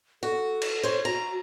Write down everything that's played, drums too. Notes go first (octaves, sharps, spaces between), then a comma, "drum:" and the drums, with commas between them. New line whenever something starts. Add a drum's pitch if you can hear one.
F#4 A4
drum: cymbal
C5 C#5
F#4 A#5